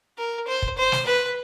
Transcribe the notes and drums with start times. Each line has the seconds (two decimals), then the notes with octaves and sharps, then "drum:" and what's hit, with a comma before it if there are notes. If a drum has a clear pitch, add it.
0.18 A#4
0.48 C5
0.62 drum: kick
0.78 C5
0.92 drum: snare
1.06 B4